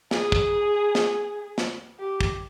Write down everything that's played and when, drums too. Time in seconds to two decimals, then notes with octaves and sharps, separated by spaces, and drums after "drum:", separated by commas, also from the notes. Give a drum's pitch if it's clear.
0.11 G#4, drum: snare
0.32 drum: kick
0.95 drum: snare
1.58 drum: snare
1.99 G4
2.21 drum: kick